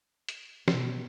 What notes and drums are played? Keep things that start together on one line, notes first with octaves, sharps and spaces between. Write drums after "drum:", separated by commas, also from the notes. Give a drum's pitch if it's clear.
drum: hi-hat
B2, drum: snare